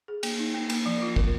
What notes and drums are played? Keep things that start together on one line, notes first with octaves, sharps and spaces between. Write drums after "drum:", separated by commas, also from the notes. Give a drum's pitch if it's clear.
G#4
A#3, drum: cymbal
D#4
A#3
A#3, drum: cymbal
F3
F4
A#4, drum: kick